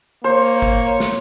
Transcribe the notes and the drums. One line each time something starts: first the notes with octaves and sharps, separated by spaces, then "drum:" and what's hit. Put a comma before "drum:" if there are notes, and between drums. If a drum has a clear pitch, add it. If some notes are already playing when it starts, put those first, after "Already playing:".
A#3 C5 C#5
drum: kick, hi-hat
drum: snare